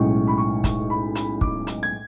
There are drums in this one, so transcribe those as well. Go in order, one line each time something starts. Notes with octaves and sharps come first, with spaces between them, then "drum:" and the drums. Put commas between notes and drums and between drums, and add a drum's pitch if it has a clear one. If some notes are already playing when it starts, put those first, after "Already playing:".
Already playing: B1 A2 G#3 C#4 C#6
B5
C#6
drum: kick, hi-hat
B5
drum: hi-hat
D6, drum: kick
drum: hi-hat
G#6